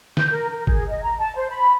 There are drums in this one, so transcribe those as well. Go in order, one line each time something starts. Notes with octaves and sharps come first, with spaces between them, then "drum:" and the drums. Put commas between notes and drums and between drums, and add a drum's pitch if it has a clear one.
G6, drum: snare
A#4
A#4
G#4, drum: kick
D#5
A#5
A5
C5
B5